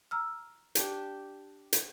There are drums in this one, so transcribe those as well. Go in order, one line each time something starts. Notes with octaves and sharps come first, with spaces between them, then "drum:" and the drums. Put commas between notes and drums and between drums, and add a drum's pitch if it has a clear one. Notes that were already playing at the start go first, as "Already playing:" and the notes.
A#5 E6 F6
D4 G4 G5, drum: hi-hat
drum: hi-hat